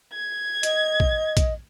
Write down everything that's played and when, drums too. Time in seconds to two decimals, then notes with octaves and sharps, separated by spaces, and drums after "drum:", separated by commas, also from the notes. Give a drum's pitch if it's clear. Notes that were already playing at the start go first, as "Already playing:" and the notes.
0.13 G#6
0.63 D#5, drum: hi-hat
1.00 drum: kick
1.37 drum: kick, hi-hat